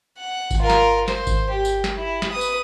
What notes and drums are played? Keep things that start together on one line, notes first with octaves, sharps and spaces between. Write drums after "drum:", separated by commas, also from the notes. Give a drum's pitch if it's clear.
F#5
drum: kick G#1, tambourine
F4 A#4
drum: snare
C5, drum: snare
drum: kick G#1, tambourine
G4
drum: tambourine
drum: snare
E4
drum: snare
B4 D#6
drum: tambourine